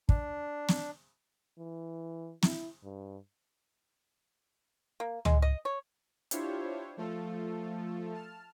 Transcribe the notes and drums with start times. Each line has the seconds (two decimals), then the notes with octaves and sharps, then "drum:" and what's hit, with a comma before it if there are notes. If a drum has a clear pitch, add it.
0.09 D4, drum: kick
0.69 drum: snare
1.58 E3
2.43 E4, drum: snare
2.84 G2
5.00 A#3
5.25 G#3, drum: tom C#2
5.42 D#5
5.65 C#5
6.31 D4 E4 F4 G4 C5 C#5, drum: hi-hat
6.97 F3 A3 F4 A4
8.14 A5 F6